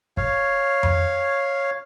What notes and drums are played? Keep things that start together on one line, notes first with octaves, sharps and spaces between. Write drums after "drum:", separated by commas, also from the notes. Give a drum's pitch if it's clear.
C#5 F5, drum: kick
drum: tom F2